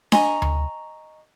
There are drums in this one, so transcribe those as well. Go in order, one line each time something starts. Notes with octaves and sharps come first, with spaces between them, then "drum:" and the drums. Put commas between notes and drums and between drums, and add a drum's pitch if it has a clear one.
D#5 G#5 A#5 C#6, drum: snare D4
drum: tom D2